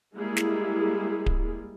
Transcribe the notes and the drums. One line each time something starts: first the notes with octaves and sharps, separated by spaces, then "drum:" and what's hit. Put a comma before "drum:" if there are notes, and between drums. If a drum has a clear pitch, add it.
G3 G#3 A#3 E4 G#4
drum: snare
drum: kick D1